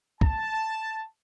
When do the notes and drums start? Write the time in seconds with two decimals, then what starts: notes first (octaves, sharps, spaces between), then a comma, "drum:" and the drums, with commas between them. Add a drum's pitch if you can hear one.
0.21 A5, drum: kick